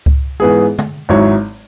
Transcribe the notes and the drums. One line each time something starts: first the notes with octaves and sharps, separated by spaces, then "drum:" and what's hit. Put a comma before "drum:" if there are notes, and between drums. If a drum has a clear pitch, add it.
drum: kick C#2
G#2 E3 B3 G#4
drum: tom
G#1 G#2 F#3 E4 C#5